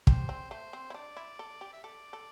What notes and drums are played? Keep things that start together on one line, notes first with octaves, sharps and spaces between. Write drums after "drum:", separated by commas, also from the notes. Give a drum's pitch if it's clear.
G4 C5, drum: kick
C4
A3 C5
C4
E4
D4 D5
E4
A4
G4
E5
A4 D5
A4